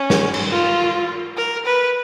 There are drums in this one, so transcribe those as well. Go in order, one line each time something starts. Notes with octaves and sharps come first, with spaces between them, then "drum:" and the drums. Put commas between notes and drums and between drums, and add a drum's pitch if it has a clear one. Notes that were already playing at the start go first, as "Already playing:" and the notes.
Already playing: C#4
drum: snare
drum: cymbal
F4
A#4
B4